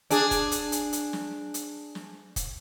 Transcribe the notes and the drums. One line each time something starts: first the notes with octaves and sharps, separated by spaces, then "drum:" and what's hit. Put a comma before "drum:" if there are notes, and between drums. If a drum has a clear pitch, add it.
D4 G#4, drum: hi-hat
drum: kick, hi-hat
drum: hi-hat
drum: hi-hat
drum: hi-hat
drum: snare
drum: hi-hat
drum: snare
drum: kick, hi-hat